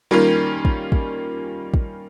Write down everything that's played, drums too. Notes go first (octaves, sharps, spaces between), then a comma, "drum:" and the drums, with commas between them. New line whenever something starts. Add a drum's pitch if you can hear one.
D#3 G3 A#3 C#4 F4
drum: kick
drum: kick
drum: kick